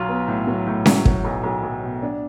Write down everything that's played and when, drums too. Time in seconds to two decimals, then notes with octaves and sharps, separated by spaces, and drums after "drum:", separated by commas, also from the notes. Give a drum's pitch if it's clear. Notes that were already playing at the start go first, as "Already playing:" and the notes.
Already playing: B1 F#3 F4
0.08 B3
0.28 A2
0.47 F#3
0.67 A2
0.86 F#3, drum: snare C#4
1.05 F#3, drum: kick
1.25 B1
1.44 B1
1.63 B1
1.83 B2
2.02 D4